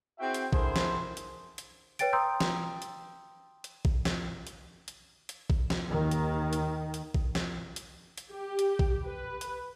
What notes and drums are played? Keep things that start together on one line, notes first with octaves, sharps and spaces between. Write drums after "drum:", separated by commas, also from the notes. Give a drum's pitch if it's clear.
C4 E4 F#4 G#4 E5 G5
drum: hi-hat
D3 E4 G#4 A#4 C5, drum: kick A1
drum: snare
drum: hi-hat
drum: hi-hat
B4 C#5 G5 A6 D7, drum: hi-hat
G5 A#5 C6 D#6 E6 G6
drum: snare
drum: hi-hat
drum: hi-hat
drum: kick A1
drum: snare
drum: hi-hat
drum: hi-hat
drum: hi-hat
drum: kick A1
drum: snare
D#2 D#3
drum: hi-hat
drum: hi-hat
drum: hi-hat
drum: kick A1
drum: snare
drum: hi-hat
drum: hi-hat
G4
drum: hi-hat
drum: kick A1
B4
drum: hi-hat